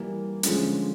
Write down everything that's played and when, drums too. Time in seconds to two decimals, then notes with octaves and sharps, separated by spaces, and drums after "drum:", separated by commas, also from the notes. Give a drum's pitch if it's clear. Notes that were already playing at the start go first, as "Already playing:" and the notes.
Already playing: E3 G3 A#3
0.43 D3 F3 G#3 C#4, drum: hi-hat